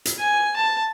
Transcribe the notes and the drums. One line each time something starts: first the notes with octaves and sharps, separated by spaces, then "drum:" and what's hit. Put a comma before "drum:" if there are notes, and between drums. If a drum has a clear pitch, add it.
drum: hi-hat
G#5
A5